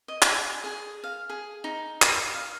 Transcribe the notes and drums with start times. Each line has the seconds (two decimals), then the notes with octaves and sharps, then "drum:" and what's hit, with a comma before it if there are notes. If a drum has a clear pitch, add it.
0.08 D#5
0.22 G#5, drum: clap
0.64 G#4
1.04 F5
1.29 G#4
1.64 D#4
2.02 drum: clap
2.34 F5